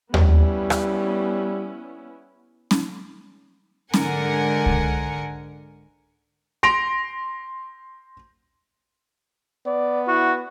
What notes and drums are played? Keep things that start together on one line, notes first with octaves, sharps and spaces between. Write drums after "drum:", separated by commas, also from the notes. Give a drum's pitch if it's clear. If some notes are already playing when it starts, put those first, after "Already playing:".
G3 B3 C#4 E4, drum: tom D#2
drum: rim click
drum: snare C#4
G#2 D3 A#4 F#5 G#5 C#7, drum: snare C#4
drum: kick C2
C6 A#6 D7 F7
B3 D5
E4 F#4